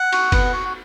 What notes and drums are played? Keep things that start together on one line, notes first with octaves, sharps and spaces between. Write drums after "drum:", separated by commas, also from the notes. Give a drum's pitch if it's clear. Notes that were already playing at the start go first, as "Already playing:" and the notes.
Already playing: F#5
F#4, drum: cymbal
B3, drum: kick, cymbal
F#4